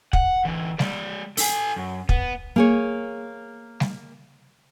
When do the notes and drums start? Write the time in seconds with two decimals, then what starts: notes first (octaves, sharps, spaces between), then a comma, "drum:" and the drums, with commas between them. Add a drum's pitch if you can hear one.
0.13 F#5, drum: kick
0.45 D3 E3
0.79 G#3 D5, drum: snare G3
1.37 A4 G#5, drum: open hi-hat
1.76 F#2
2.09 B3, drum: kick
2.56 A#3 G#4 C#5
3.80 drum: snare G3